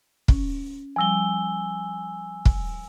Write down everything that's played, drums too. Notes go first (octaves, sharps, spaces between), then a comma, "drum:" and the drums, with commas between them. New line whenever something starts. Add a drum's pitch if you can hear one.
C#4, drum: kick
F3 G3 G#5 E6 G7
drum: kick